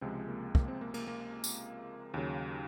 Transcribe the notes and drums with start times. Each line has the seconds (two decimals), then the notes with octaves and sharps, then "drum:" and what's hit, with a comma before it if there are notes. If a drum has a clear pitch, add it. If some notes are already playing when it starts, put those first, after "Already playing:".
0.01 C#2 C3 F3 G#3 C4
0.28 A#3
0.55 A#3, drum: kick
0.68 C4
0.81 A#3
0.94 A#3, drum: cymbal
1.08 A#3
1.44 drum: tambourine
2.14 D#2 C#3 F#3